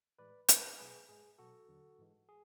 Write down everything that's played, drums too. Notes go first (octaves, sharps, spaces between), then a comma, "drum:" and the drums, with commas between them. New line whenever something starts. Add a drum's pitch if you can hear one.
A2 E3 G#3 B4 D5
G#2 F#3 G#4 B4, drum: hi-hat
B2 F#3 G#4 B4
G#2 G#3 G#4
B2 F#3 F#4 A4
E2 D3 F#3
G#2 E3 G#3
G#4